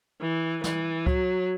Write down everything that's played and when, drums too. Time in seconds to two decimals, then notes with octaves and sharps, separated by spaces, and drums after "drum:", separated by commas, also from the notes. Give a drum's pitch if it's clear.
0.21 E3
0.64 E3, drum: snare
1.07 F#3, drum: kick C#2